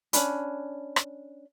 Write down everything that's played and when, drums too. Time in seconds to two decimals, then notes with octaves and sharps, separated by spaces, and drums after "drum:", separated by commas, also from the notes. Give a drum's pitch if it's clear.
0.13 C#4 D4 B5, drum: hi-hat
0.96 drum: rim click